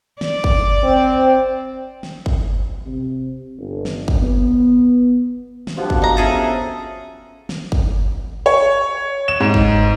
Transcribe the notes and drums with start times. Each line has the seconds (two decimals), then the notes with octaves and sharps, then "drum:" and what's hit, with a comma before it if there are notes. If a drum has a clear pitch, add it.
0.21 D5, drum: snare
0.44 drum: kick
0.84 C4
2.03 drum: snare
2.26 drum: kick
2.86 C3
3.59 G1
3.85 drum: snare
4.08 drum: kick
4.21 B3
5.67 drum: snare
5.77 B2 D3 F3 G4
5.90 drum: kick
6.02 D#4 A#5
6.17 C#4 G#4 A4 E5
7.49 drum: snare
7.72 drum: kick
8.46 C#5
9.28 E7
9.40 G#2
9.54 drum: kick